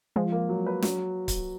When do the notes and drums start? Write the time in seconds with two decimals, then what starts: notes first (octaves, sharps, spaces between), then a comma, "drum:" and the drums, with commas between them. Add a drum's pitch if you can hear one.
0.16 F3 G#3 F4
0.32 A#3
0.49 F#3
0.66 B4
0.82 F#3, drum: snare
1.28 drum: kick, hi-hat